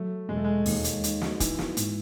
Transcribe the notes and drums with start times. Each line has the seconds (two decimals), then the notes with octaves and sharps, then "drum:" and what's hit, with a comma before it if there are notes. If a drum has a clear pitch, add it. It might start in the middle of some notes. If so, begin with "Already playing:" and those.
Already playing: F#3 A3
0.29 E1 G#3
0.37 A3
0.44 G#3
0.66 D#2, drum: open hi-hat
0.84 drum: hi-hat
1.04 D#3, drum: hi-hat
1.21 drum: snare
1.40 E3 D#4, drum: kick, hi-hat
1.59 drum: snare
1.77 G#2, drum: hi-hat